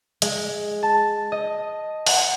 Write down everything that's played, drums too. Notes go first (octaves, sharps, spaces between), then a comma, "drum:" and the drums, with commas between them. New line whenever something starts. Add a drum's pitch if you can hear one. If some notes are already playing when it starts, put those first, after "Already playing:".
G#3, drum: hi-hat
A5
D#5
F#5, drum: open hi-hat